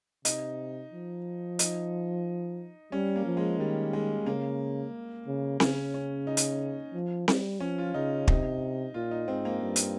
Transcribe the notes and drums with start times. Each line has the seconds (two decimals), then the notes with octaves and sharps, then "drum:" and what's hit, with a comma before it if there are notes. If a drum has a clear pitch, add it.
0.25 C3 D#4, drum: hi-hat
0.93 F3
1.59 D#4, drum: hi-hat
2.92 G3 C#4
3.16 A#3
3.26 F3
3.37 G#3
3.60 D#3 G3
3.93 G#3
4.26 C#3 A#3
5.27 C#3
5.60 C#3 C#4, drum: snare C4
5.94 C#4
6.27 D#4
6.37 drum: hi-hat
6.94 F3
7.28 G3, drum: snare C4
7.60 F3 C#4
7.78 F4
7.94 C#3 D#4
8.28 C3 D#4, drum: kick
8.94 A#2 F4
9.11 D#4
9.28 G#2 C4
9.45 A#3
9.61 G2
9.76 drum: hi-hat